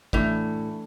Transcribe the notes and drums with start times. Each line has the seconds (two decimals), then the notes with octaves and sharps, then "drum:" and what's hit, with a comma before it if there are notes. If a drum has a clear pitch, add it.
0.13 A2 E3 A3 D4, drum: kick